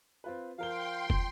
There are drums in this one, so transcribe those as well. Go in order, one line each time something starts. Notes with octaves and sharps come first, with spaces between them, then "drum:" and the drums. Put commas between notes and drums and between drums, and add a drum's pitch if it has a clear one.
C4 F4 B4
F3 A#4 F5 G5 C6 G7
drum: kick